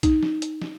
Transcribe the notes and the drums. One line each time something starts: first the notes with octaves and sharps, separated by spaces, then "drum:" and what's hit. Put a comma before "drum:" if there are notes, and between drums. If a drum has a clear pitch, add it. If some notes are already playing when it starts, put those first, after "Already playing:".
D#4, drum: kick B1, hi-hat
drum: snare
drum: hi-hat
drum: snare